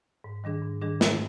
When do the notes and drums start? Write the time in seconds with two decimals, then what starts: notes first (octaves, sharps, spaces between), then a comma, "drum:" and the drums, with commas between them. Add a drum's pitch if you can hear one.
0.24 G#2
0.44 D#3 G3 D4 G#4
0.62 G#2
0.81 D#3 G3 D4 G#4
1.01 G#2, drum: snare